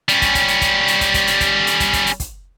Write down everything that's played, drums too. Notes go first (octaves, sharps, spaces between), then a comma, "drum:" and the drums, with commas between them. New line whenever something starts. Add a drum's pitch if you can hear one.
G3 C#4, drum: hi-hat
drum: kick, hi-hat
drum: kick, hi-hat
drum: hi-hat
drum: kick, hi-hat
drum: hi-hat
drum: kick, hi-hat
drum: kick, hi-hat
drum: hi-hat
drum: kick, hi-hat
drum: hi-hat
drum: kick, hi-hat
drum: kick, hi-hat
drum: hi-hat
drum: kick, hi-hat